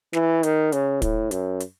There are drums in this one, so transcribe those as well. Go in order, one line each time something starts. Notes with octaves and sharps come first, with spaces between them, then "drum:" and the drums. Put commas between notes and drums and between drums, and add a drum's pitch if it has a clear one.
E3, drum: snare
D#3, drum: hi-hat
C#3, drum: hi-hat
A2, drum: kick, hi-hat
F#2, drum: hi-hat
drum: hi-hat